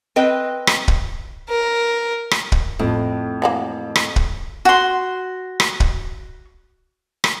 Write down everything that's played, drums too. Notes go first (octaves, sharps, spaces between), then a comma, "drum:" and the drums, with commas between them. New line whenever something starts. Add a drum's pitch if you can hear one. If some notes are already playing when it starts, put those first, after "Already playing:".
C4 B4 D#5 G5
drum: rim click
drum: kick
A#4
drum: rim click
drum: kick
F2 A2
E3 F#3 A#3
drum: rim click
drum: kick
F#4 C6
drum: rim click
drum: kick
drum: rim click